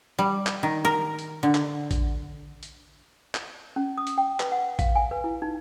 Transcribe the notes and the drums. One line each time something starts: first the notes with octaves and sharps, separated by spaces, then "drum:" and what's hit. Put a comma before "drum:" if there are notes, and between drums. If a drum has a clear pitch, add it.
G3
drum: clap
D#3
A#4
drum: hi-hat
D3
drum: clap
drum: kick A1, hi-hat
drum: hi-hat
drum: clap
C#4
D#6
drum: hi-hat
G5
B4, drum: clap
F#5
F5, drum: kick A1, hi-hat
G#5
B4
E4
D#4